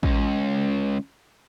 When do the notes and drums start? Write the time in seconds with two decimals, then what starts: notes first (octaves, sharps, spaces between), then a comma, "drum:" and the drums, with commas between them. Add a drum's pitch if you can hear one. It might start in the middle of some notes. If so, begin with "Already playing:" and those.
0.03 C#2, drum: kick